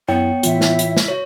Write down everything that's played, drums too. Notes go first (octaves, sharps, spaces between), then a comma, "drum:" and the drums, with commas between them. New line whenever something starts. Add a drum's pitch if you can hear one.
F#2 B3 E4 C#5 G5
A2 E3 E4 F4 E5, drum: hi-hat
drum: snare
drum: hi-hat
drum: snare
F#4 C#5